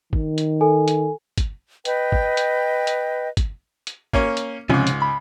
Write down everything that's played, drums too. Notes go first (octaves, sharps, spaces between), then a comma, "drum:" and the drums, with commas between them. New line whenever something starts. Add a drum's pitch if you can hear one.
D#3, drum: kick
drum: hi-hat
A4 G#5
drum: hi-hat
drum: kick, hi-hat
B4 D#5 G5, drum: hi-hat
drum: kick
drum: hi-hat
drum: hi-hat
drum: kick, hi-hat
drum: hi-hat
A#3 C#4 C#5, drum: kick
drum: hi-hat
C#2 G#2 C3 F3 C#4
drum: hi-hat
B5